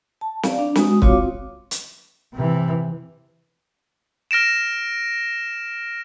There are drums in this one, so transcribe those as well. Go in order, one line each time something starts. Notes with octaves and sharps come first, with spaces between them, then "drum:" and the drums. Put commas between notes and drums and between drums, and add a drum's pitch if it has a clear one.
A5
D5 F5, drum: snare
D4
G#3 F#4 D#6, drum: snare
C4 F4 F#4 C#5 F5 D6, drum: kick
drum: hi-hat
C3 E3
F6 A#6 D7 E7